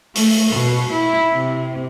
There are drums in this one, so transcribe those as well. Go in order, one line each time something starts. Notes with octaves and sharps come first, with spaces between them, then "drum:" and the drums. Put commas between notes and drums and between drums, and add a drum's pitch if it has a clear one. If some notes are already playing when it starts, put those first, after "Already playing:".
A3, drum: open hi-hat
B2
E4
C3